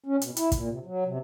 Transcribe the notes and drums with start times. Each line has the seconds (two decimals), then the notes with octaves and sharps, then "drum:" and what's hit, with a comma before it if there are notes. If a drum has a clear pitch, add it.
0.06 C#4
0.22 B2, drum: hi-hat
0.37 E4, drum: hi-hat
0.52 A#2, drum: kick, hi-hat
0.69 C3
0.85 F#3
1.06 C3